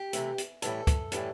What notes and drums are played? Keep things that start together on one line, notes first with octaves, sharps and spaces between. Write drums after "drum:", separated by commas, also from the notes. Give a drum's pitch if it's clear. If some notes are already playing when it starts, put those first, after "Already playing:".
Already playing: G4
C3 E3 A3, drum: hi-hat
drum: hi-hat
A2 E3 G3 A4, drum: hi-hat
drum: kick, hi-hat
A2 E3 G3, drum: hi-hat